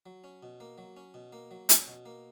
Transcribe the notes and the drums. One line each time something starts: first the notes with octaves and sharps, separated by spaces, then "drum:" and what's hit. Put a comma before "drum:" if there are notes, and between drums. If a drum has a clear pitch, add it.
F#3
C#4
B2
A#3
F#3
C#4
B2
A#3
F#3
C#4, drum: hi-hat
B2
A#3